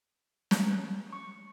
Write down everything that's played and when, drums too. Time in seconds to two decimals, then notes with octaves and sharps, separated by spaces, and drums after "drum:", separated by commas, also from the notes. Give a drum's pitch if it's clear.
0.51 drum: snare
1.13 C#6